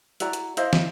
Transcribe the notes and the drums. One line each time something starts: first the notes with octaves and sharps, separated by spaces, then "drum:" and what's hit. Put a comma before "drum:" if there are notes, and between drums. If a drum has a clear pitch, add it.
E4 F#4 D5 A#5, drum: hi-hat
drum: hi-hat
E4 C5 D#5 F5, drum: hi-hat
drum: snare